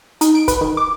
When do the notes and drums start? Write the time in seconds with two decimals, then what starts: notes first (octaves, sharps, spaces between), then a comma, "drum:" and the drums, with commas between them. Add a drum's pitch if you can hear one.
0.21 D#4, drum: hi-hat
0.35 D7
0.48 B4, drum: kick, hi-hat
0.61 D#3
0.77 D6